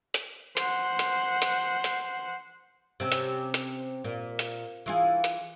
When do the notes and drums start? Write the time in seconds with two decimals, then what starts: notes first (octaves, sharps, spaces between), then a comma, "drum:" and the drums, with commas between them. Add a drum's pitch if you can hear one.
0.14 drum: hi-hat
0.57 C5 F#5, drum: hi-hat
0.99 drum: hi-hat
1.42 drum: hi-hat
1.84 drum: hi-hat
3.00 C3 C4 C#4
3.12 drum: hi-hat
3.54 drum: hi-hat
4.04 A#2
4.39 drum: hi-hat
4.86 E3 F4 G#4
5.24 drum: hi-hat